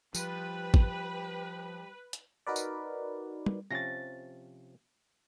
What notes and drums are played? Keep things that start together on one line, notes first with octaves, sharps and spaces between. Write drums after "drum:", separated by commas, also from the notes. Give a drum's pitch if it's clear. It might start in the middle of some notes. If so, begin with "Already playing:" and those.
F3 G3 B4, drum: tambourine
drum: kick G#1
drum: hi-hat
D#4 F#4 A#4 B4 D5
drum: tambourine
drum: tom
C3 F3 C#4 A6 A#6